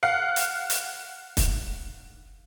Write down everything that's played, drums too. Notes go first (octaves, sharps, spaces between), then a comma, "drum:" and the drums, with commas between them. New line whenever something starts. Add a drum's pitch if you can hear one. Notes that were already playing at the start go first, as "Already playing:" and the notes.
F5 F#5 C7
drum: hi-hat
drum: hi-hat
drum: kick, hi-hat